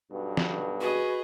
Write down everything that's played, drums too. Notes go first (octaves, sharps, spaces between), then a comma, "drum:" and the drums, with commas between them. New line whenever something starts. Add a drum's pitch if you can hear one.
B1 G2 B2
drum: snare
F#4 G#4 B4 D#5